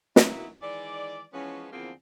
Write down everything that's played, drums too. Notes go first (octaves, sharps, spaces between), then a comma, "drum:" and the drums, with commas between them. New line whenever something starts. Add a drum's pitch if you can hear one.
E3 F#3 A#3 B3 D#4 E4, drum: snare
D#3 E3 G#3 D5
E3 F3 G#3 B3 C#4
E2 D3 F3 A#3 C4 G#4